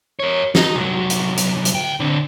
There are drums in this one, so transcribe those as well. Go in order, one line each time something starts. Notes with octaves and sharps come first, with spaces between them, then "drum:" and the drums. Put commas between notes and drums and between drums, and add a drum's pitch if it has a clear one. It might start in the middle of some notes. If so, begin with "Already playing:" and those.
A#4 C#5
D#4, drum: snare
C2 F#3
drum: hi-hat
drum: hi-hat
drum: hi-hat
D2 G5
D3 C4